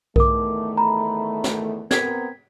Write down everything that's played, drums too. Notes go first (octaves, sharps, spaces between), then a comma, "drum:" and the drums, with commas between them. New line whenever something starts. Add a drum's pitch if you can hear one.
E2 D#3 A3 A#4 D6, drum: kick B1
A#5 B5
drum: snare
B3 C4 A#4 G#6 B6, drum: snare